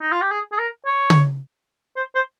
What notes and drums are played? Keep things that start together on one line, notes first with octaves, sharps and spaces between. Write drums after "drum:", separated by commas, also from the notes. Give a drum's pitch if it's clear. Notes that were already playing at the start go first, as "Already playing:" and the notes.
D#4
F4
G4
G#4
G#4
A#4
C#5
drum: tom
C5
C5